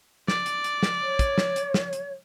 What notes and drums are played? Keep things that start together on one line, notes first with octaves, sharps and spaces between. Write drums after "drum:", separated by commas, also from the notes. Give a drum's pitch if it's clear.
D5, drum: snare
drum: hi-hat
drum: hi-hat
drum: snare
C#5
drum: kick, hi-hat
drum: snare
drum: hi-hat
drum: snare
drum: hi-hat